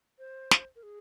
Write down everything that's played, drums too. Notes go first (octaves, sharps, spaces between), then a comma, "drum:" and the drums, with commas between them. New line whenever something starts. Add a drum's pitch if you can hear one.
C5
drum: snare
A#4
G#4